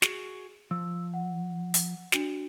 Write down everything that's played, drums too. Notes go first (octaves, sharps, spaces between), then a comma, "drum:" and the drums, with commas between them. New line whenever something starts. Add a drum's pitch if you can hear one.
F#4 G#4, drum: snare
F3 E6
F#5
drum: hi-hat
D4 F#4, drum: snare